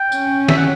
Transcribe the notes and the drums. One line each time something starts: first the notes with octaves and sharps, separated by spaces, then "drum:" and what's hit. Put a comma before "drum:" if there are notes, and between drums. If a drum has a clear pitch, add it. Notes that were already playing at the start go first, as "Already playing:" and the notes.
Already playing: G5
C#4, drum: tambourine
E5, drum: snare
F#5